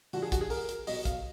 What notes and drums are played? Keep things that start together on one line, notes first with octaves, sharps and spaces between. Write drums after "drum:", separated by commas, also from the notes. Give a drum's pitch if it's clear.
D3 F3 F#4, drum: open hi-hat
G#4
F#4, drum: kick, hi-hat
G#4
A#4, drum: open hi-hat
drum: hi-hat
B2 F#3 D#5, drum: open hi-hat
F5, drum: kick, hi-hat